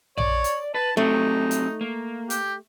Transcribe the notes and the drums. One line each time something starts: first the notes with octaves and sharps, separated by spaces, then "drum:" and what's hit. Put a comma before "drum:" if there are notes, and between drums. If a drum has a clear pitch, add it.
C#5 D5, drum: tom A#1
drum: hi-hat
B4 A5
F#3 A3 C4 D#4 G4
drum: hi-hat
A#3
G4, drum: hi-hat